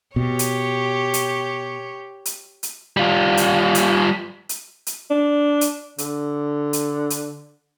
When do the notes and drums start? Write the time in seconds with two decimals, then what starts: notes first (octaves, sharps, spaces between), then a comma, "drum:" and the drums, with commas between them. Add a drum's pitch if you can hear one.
0.16 B2 G4 C#5
0.39 drum: hi-hat
1.14 drum: hi-hat
2.25 drum: hi-hat
2.63 drum: hi-hat
2.97 G3 F4
3.37 drum: hi-hat
3.75 drum: hi-hat
4.49 drum: hi-hat
4.87 drum: hi-hat
5.10 D4
5.61 drum: hi-hat
5.98 D3, drum: hi-hat
6.73 drum: hi-hat
7.10 drum: hi-hat